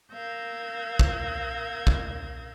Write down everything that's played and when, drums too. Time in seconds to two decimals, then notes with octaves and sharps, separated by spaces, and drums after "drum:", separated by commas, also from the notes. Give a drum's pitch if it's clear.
0.12 A#4 F5 E6 G6 G#6 A#6
0.99 drum: kick
1.87 drum: kick